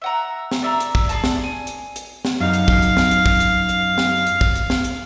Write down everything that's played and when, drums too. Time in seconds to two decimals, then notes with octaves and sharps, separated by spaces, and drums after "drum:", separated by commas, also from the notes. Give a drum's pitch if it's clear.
0.02 E5 F#5 A#5
0.52 drum: snare
0.62 D5 E5 A#5
0.80 drum: hi-hat
0.95 drum: kick
1.09 G#4 D5 A5, drum: hi-hat
1.24 drum: snare
1.44 G#5
1.67 drum: hi-hat
1.96 drum: hi-hat
2.25 drum: snare
2.40 F#2 D#4 F5
2.53 drum: hi-hat
2.68 drum: kick
2.82 drum: hi-hat
2.97 drum: snare
3.11 drum: hi-hat
3.26 drum: kick
3.40 drum: hi-hat
3.69 drum: hi-hat
3.98 drum: snare
4.27 drum: hi-hat
4.41 drum: kick
4.55 drum: hi-hat
4.70 drum: snare
4.84 drum: hi-hat